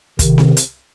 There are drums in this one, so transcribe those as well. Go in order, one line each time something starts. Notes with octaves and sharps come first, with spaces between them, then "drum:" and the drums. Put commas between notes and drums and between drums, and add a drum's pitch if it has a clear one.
C3 D#3, drum: kick, hi-hat
drum: snare C4
drum: hi-hat